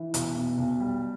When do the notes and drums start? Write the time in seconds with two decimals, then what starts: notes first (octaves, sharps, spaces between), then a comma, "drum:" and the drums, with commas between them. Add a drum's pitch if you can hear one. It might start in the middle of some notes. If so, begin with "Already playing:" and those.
Already playing: E3
0.14 B1, drum: hi-hat
0.36 B2
0.58 B1
0.80 G3